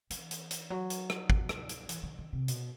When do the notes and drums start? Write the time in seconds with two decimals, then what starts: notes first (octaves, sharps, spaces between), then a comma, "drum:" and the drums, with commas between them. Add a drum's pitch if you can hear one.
0.10 E3, drum: hi-hat
0.31 drum: hi-hat
0.51 drum: hi-hat
0.70 F#3
0.90 drum: hi-hat
1.10 drum: rim click
1.30 drum: kick
1.49 drum: rim click
1.69 drum: hi-hat
1.89 E3, drum: hi-hat
2.03 D#3
2.19 D#3
2.33 C3
2.48 B2, drum: hi-hat